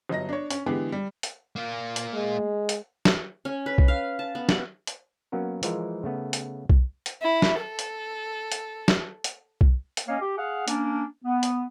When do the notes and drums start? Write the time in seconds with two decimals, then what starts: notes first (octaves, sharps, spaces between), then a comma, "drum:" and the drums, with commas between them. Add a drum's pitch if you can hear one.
0.09 G1 F#3 D#5 A#6
0.29 D4 C#5
0.51 C#4, drum: hi-hat
0.66 D3 E3 G#3 B3 G4 G#4
0.92 G3
1.23 drum: hi-hat
1.56 A#3 F4
1.96 drum: hi-hat
2.14 G#3
2.69 drum: hi-hat
3.05 drum: snare
3.45 C#4
3.66 B4
3.78 drum: kick B1
3.88 F5
4.19 A5
4.35 B3
4.49 F#5, drum: snare
4.87 drum: hi-hat
5.32 F#3 A#3 B3 C#4 A#4
5.63 E3 F3 G#3 F4 A#4, drum: hi-hat
6.03 C#3 A3 B3
6.33 drum: hi-hat
6.70 drum: kick B1
7.06 drum: hi-hat
7.22 E4
7.42 drum: snare
7.62 A4
7.79 drum: hi-hat
8.52 drum: hi-hat
8.88 drum: snare
9.24 drum: hi-hat
9.61 drum: kick B1
9.97 drum: hi-hat
10.07 A#3 C#4 C#5 D#5 F5
10.20 G4
10.37 G#4 F5 F#5
10.68 A#3 C#4 D4, drum: hi-hat
11.24 B3
11.43 drum: hi-hat